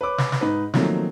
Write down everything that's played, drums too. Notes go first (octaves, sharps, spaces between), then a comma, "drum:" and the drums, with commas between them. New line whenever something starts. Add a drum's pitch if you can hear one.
B4 C#5 D6
drum: snare
drum: snare
G#2 D#4 B4
D#3 F3 F#3 A3 A#3 C4, drum: snare